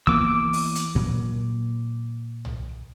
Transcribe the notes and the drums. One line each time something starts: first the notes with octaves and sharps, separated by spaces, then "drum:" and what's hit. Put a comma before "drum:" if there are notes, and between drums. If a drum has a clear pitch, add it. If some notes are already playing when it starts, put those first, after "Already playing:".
E3 A#3 B3 D6 E6, drum: kick
drum: open hi-hat
drum: hi-hat
A#2 F#3, drum: kick
drum: tom